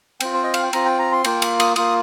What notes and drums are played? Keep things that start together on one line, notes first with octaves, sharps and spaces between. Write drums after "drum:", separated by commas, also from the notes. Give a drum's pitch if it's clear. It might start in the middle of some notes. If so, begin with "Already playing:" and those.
C4 F4 G5, drum: cymbal
C5
D#5
F5, drum: cymbal
G5
C4 F4 A#5, drum: cymbal
G5
A#5
C6
A#3 F4 G5, drum: cymbal
drum: cymbal
D#6, drum: cymbal
A#3 F4 D#6, drum: cymbal